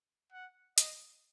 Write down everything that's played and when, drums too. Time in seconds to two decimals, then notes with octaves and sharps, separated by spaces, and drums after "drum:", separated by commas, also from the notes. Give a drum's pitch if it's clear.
0.32 F#5
0.78 D#5, drum: hi-hat